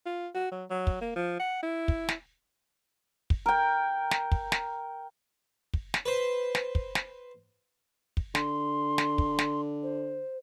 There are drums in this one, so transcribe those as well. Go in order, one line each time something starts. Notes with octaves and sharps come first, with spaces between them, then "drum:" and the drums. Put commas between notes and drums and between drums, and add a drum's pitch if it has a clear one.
F4
F#4
F#3
F#3
drum: kick
A#3
F3
F#5
E4
drum: kick
drum: snare
drum: kick
A#4 G5
drum: snare
drum: kick
drum: snare
drum: kick
drum: snare
B4 C5
drum: snare
drum: kick
drum: snare
drum: kick
D3 C6, drum: snare
drum: snare
drum: kick
drum: snare
C5